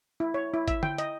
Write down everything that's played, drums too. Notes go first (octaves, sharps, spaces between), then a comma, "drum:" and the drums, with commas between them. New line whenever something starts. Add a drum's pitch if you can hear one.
E4
C#5
E4
E5, drum: kick G#1, hi-hat
G5, drum: tom D3
D#5, drum: hi-hat